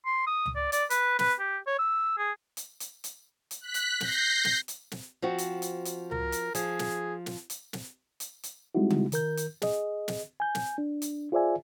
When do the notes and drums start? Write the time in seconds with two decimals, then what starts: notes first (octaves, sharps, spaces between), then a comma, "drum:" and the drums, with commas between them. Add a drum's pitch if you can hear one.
0.06 C6
0.27 D#6
0.46 drum: tom C#2
0.56 D5
0.72 D5, drum: hi-hat
0.90 B4, drum: hi-hat
1.19 B4, drum: snare
1.39 G4
1.67 C#5
1.79 E6
2.18 G#4
2.57 drum: hi-hat
2.80 drum: hi-hat
3.04 drum: hi-hat
3.51 drum: hi-hat
3.61 F#6 B6
3.74 drum: hi-hat
4.00 G6 A#6 C7, drum: snare
4.45 drum: snare
4.68 drum: hi-hat
4.91 drum: snare
5.22 F3 C4 F#4
5.38 drum: hi-hat
5.62 drum: hi-hat
5.85 drum: hi-hat
6.11 A#4, drum: tom C#2
6.32 drum: hi-hat
6.55 F3 G#4, drum: hi-hat
6.79 drum: snare
7.26 drum: snare
7.50 drum: hi-hat
7.73 drum: snare
8.20 drum: hi-hat
8.43 drum: hi-hat
8.75 G3 G#3 C4 D#4 E4 F#4
8.90 drum: tom C#3
9.12 D#3 A#4 G6, drum: hi-hat
9.37 drum: hi-hat
9.62 G#4 D#5, drum: snare
10.08 drum: snare
10.40 G#5 G6
10.55 drum: snare
10.78 D4
11.02 drum: hi-hat
11.32 F4 G#4 C5 D5 E5 G#5